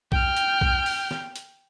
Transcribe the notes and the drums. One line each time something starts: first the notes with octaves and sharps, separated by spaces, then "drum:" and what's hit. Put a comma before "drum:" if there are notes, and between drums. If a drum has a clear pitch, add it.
G5 F6, drum: kick
drum: hi-hat
drum: kick
drum: open hi-hat
drum: snare
drum: hi-hat